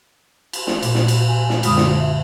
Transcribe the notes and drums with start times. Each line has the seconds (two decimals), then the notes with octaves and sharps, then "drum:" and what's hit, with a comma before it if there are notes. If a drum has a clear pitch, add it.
0.53 drum: cymbal
0.67 drum: snare
0.83 A#2, drum: cymbal
0.95 drum: snare
1.08 drum: cymbal
1.28 G#5
1.49 drum: snare
1.63 F#2 D3 G#3 F4 B5 D#6, drum: cymbal
1.77 drum: snare
2.00 E5